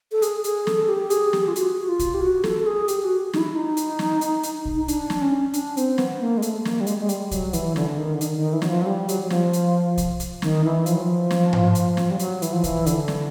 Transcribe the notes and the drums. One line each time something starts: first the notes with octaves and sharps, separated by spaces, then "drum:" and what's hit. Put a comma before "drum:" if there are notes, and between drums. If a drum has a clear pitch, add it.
A4
G#4, drum: hi-hat
G#4, drum: hi-hat
A4, drum: snare
G4
G#4, drum: hi-hat
G4, drum: snare
F4
F#4, drum: hi-hat
F#4
F4
drum: kick, hi-hat
G4
F#4
A4, drum: snare
A4
G#4
G4, drum: hi-hat
F#4
D#4, drum: snare
E4
D#4
drum: hi-hat
drum: snare
drum: hi-hat
drum: hi-hat
drum: kick
D#4
D4, drum: hi-hat
drum: snare
C#4
D4, drum: hi-hat
C4, drum: hi-hat
B3, drum: snare
A#3
G#3
A3, drum: hi-hat
A#3, drum: snare
G3
G#3, drum: hi-hat
G#3
G3, drum: hi-hat
F#3, drum: kick, hi-hat
E3, drum: hi-hat
D3, drum: snare
D3
D#3
D3
D#3, drum: hi-hat
D#3
E3
F#3, drum: snare
F3
F#3
G3
F#3, drum: hi-hat
F#3
F3, drum: snare
drum: hi-hat
drum: kick, hi-hat
drum: hi-hat
D#3, drum: snare
E3
F3, drum: hi-hat
F#3
F3
drum: snare
drum: tom G#2
drum: hi-hat
drum: snare
G3
F#3, drum: hi-hat
E3, drum: hi-hat
F3
E3, drum: kick, hi-hat
D3, drum: hi-hat
drum: snare